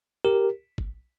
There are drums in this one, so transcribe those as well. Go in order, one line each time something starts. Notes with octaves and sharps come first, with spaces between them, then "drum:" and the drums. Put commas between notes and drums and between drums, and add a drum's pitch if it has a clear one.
G4 A#4
drum: kick